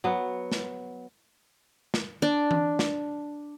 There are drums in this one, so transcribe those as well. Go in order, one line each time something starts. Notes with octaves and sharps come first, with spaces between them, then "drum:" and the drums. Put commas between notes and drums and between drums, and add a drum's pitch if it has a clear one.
F#3 B3
drum: snare
drum: snare
D4
drum: tom E3
drum: snare